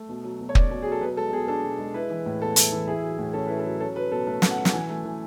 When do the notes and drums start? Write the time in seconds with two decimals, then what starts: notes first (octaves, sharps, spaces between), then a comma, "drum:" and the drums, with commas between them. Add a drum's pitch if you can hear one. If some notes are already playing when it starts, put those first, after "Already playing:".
Already playing: A3
0.09 B2
0.24 F#3
0.40 B2
0.49 C#5
0.55 C#4 D5, drum: kick
0.71 B2
0.82 F#3 G#4
0.92 A4
1.01 B2 B4
1.17 G#3 A4
1.32 B2 G#4
1.48 D4 A4
1.64 B2
1.79 G#3
1.94 E4 B4
2.10 E3
2.26 A2
2.41 B3 A4
2.56 E4, drum: hi-hat
2.72 E3
2.87 E4 G#4
3.03 F#3
3.18 A2
3.34 C#4 A4
3.46 E4 B4
3.59 A4
3.65 F#3
3.80 C#4 A4
3.96 F#3 B4
4.11 B2 A4
4.27 A3 B4
4.42 C#4, drum: snare
4.50 F#5
4.58 F#3
4.65 F#5, drum: snare
4.73 E3 G#5
4.89 A3
5.04 E3